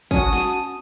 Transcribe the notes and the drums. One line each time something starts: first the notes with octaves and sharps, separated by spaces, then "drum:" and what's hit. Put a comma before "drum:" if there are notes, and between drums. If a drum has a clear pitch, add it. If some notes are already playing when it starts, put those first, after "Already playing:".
C#4 F#4 A5 D#6, drum: kick
drum: snare